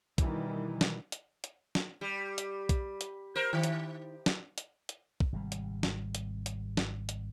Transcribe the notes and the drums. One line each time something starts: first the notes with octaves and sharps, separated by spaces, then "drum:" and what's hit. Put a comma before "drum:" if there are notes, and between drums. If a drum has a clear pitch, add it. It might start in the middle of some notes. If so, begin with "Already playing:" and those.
B2 D#3 E3 G3, drum: kick, hi-hat
drum: snare
drum: hi-hat
drum: hi-hat
drum: snare
G3
drum: hi-hat
drum: kick, hi-hat
drum: hi-hat
A#4 C5
D#3
drum: hi-hat
drum: snare
drum: hi-hat
drum: hi-hat
drum: kick
G#1 C3 G3
drum: hi-hat
drum: snare
drum: hi-hat
drum: hi-hat
drum: snare
drum: hi-hat